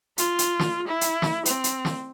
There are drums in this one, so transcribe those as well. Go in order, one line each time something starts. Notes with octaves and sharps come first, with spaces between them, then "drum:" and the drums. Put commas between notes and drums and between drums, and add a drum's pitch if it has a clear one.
F4, drum: hi-hat
drum: hi-hat
drum: snare
E4
drum: hi-hat
drum: snare
C4, drum: hi-hat
drum: hi-hat
drum: snare